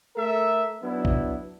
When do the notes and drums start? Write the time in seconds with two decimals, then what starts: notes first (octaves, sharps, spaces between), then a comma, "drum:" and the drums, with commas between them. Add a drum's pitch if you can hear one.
0.16 A3 A4 A#4 E5
0.83 F#3 B3 D4 E4
1.05 drum: kick B1